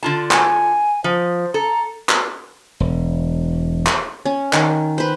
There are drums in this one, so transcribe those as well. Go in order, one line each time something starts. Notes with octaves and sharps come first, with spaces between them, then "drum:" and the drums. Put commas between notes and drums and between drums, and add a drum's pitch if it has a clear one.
D3 F4 A5
G#5, drum: clap
F3 C5
A4 A#5
drum: clap
E1
drum: clap
C#4
D#3, drum: clap
B4 C5